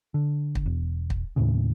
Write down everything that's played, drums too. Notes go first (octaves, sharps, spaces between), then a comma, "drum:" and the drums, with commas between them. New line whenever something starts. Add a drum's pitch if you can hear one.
D3
drum: kick
E1
drum: kick
D#2 A2 C#3